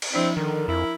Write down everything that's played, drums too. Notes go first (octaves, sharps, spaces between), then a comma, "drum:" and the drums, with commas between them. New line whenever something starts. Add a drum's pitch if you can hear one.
drum: cymbal
F3 C4 D4 E4 D5
D3 D#3 A#4
F2 E4